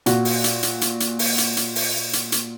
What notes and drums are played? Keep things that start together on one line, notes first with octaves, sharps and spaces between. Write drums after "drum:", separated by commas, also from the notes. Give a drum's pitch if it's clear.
A#2 F#4, drum: hi-hat
drum: open hi-hat
drum: hi-hat
drum: hi-hat
drum: hi-hat
drum: hi-hat
drum: open hi-hat
drum: hi-hat
drum: hi-hat
drum: open hi-hat
drum: hi-hat
drum: hi-hat